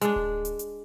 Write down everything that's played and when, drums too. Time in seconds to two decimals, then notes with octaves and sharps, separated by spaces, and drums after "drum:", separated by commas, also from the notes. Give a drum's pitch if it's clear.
0.01 G#3 D4, drum: hi-hat
0.16 drum: kick D1
0.45 drum: hi-hat
0.59 drum: hi-hat